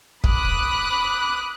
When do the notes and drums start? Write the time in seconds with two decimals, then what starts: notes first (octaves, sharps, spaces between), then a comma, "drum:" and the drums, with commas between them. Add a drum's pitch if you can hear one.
0.24 B5 D6 D#6 F#6, drum: kick